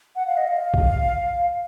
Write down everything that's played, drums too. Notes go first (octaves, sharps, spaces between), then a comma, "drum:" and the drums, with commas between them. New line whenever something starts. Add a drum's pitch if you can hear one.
F#5
F5
D#5
F5
drum: kick A#1